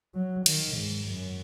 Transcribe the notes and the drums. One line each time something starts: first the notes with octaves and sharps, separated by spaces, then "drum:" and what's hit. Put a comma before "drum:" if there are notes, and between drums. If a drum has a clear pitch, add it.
F#3
D#3, drum: cymbal
G#2
F#2